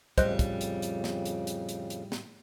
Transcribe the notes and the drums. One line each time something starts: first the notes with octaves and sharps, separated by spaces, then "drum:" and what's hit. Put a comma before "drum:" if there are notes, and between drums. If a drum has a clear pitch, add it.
F2 A2 C#3 G3 C5 D#5 F#6, drum: kick, hi-hat
drum: kick, hi-hat
drum: hi-hat
drum: hi-hat
drum: snare
drum: hi-hat
drum: hi-hat
drum: hi-hat
drum: hi-hat
drum: snare